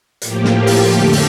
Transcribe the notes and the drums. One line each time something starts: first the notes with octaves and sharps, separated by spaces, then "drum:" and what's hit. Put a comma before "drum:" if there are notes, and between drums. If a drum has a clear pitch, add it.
A2 F3 A#3 G4, drum: hi-hat
drum: snare
F4
drum: open hi-hat
F2 D3 A3 G4
drum: open hi-hat